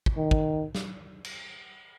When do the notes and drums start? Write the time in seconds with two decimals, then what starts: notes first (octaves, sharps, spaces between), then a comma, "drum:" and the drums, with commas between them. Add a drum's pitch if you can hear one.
0.06 drum: kick
0.17 D#3
0.31 drum: kick
0.75 drum: snare
1.25 drum: cymbal